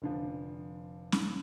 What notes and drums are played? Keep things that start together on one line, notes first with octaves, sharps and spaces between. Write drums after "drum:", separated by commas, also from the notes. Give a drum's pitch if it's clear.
F1 D3 F3
drum: snare C#4